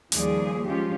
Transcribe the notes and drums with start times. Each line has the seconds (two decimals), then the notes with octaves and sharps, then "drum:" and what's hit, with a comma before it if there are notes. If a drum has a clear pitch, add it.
0.12 D#2 F3 G3 G#4 D5, drum: hi-hat
0.65 F3 G#3 C#4 F4 G4